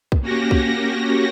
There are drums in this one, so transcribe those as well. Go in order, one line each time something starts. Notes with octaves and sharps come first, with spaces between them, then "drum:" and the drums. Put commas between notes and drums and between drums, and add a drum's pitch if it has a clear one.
drum: kick B1
A#3 C#4 F#4 G4 A#6
drum: kick B1